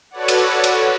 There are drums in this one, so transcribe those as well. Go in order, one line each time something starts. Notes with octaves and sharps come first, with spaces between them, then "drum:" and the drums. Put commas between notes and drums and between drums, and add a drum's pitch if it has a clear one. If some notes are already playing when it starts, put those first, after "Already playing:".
F#4 A4 B4 C#5 D5 F#5
drum: cymbal
drum: cymbal